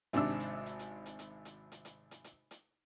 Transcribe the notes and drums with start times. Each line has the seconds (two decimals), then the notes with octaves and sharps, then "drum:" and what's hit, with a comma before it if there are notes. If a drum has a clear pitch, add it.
0.13 G#1 G#2 C3 D4 E6, drum: hi-hat
0.40 drum: hi-hat
0.66 drum: hi-hat
0.79 drum: hi-hat
1.06 drum: hi-hat
1.19 drum: hi-hat
1.45 drum: hi-hat
1.72 drum: hi-hat
1.85 drum: hi-hat
2.11 drum: hi-hat
2.24 drum: hi-hat
2.51 drum: hi-hat